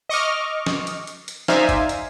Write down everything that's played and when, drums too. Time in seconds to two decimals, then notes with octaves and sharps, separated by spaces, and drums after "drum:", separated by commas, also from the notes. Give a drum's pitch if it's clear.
0.09 D#5 C#6 D6 F6
0.66 drum: snare
0.87 drum: hi-hat
1.07 drum: hi-hat
1.28 drum: hi-hat
1.48 D#4 C5 D5 E5 F5 G#5, drum: snare
1.69 drum: kick, hi-hat
1.89 drum: hi-hat